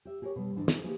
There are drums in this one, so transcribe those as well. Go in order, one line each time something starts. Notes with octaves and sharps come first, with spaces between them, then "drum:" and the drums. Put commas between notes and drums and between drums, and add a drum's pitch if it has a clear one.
G4 E5
G4 G#4 A#4 C5 C#5
B2 G3
D2 G#2 E3 D4 B4 D#5
C#4 D#4 A#4, drum: snare
A#3 E4 G4 G#4 B4 C5